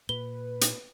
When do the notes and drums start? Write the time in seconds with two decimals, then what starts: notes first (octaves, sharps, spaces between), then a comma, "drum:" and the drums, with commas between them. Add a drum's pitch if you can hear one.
0.09 A#2 B4 G7
0.61 drum: hi-hat